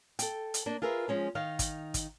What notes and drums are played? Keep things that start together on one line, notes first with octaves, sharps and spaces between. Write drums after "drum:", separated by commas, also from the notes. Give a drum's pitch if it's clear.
A4 G5, drum: hi-hat
drum: hi-hat
A#3 D4
F4 G#4 A#4 B4 E5
F3 G#3 C#4 G#4
D#3 D#4 F5
drum: kick, hi-hat
drum: kick, hi-hat